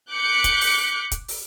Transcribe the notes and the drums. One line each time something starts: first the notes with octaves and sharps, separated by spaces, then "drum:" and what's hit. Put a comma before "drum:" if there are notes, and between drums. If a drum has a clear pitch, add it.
D6 F#6 G6 B6 C#7
drum: kick, hi-hat
drum: open hi-hat
drum: kick, hi-hat
drum: open hi-hat